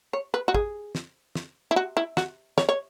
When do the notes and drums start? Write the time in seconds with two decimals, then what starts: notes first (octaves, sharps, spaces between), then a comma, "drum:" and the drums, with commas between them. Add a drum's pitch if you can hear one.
0.13 C#5
0.34 B4
0.48 F#4
0.54 G#4, drum: kick
0.95 drum: snare
1.35 drum: snare
1.71 E4
1.76 F#4
1.97 E4
2.17 F#4, drum: snare
2.58 C#5, drum: snare
2.69 C#5